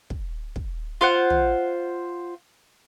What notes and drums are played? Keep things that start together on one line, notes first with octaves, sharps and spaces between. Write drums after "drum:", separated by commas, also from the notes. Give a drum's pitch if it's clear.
drum: kick
drum: kick
F4 C5 F#5
drum: tom